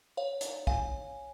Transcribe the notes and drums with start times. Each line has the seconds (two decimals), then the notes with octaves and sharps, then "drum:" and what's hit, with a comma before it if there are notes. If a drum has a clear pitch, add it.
0.17 C#5 F5
0.41 drum: hi-hat
0.67 F5 G#5, drum: kick